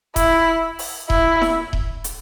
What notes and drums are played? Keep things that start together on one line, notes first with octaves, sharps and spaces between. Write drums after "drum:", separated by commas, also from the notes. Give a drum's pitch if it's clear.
E4, drum: kick D#1, hi-hat
drum: open hi-hat
E4, drum: kick D#1
drum: snare E4
drum: kick D#1
drum: hi-hat